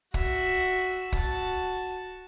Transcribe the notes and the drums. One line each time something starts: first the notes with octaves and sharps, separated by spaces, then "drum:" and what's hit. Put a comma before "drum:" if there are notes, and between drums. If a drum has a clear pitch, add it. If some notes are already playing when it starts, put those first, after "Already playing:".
F#4 E5, drum: kick
F#4 A5, drum: kick